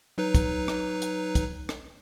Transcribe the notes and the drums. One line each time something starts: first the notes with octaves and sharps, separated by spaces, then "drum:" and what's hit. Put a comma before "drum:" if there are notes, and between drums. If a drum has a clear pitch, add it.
F#3 D#4 B4
drum: kick, hi-hat
drum: rim click
drum: hi-hat
drum: kick, hi-hat
drum: rim click